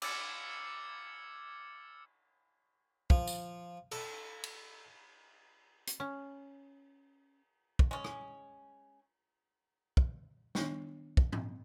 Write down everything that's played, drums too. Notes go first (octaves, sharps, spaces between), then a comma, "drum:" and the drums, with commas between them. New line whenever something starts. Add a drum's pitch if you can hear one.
D6 E6 F6 G#6 A6 C#7, drum: cymbal
F3, drum: kick
drum: tambourine
A4, drum: cymbal
drum: cymbal
drum: hi-hat
C#4
drum: kick
G#3 C#4
drum: rim click
drum: kick
D#3 B3 D4 C#6, drum: snare
drum: kick
drum: tom G#2